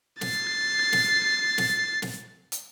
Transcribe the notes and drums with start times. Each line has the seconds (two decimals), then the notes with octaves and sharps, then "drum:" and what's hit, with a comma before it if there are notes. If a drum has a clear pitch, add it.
0.21 A6 C7, drum: snare
0.92 drum: snare
1.58 drum: snare
2.02 drum: snare
2.52 drum: hi-hat